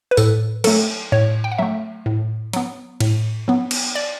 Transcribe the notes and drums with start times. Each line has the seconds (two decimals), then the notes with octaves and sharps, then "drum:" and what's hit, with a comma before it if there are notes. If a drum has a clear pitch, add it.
0.11 B4
0.17 A2 A4, drum: tambourine
0.64 F#3 A3 A4, drum: cymbal
1.12 A2 C#5
1.44 G5
1.52 F#5
1.58 F#3 A3 E5
2.06 A2
2.53 F#3 B3, drum: hi-hat
3.00 A2, drum: cymbal
3.48 F#3 B3
3.71 drum: cymbal
3.95 D5